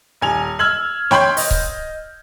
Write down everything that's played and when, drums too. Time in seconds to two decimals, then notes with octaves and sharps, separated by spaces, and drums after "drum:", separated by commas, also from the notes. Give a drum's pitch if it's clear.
0.21 D#1 G#5 F7
0.59 E6 F6 G#6 F#7
1.11 C#5 G5 B5 C6 G6, drum: snare
1.37 D#5, drum: open hi-hat
1.51 drum: kick C#1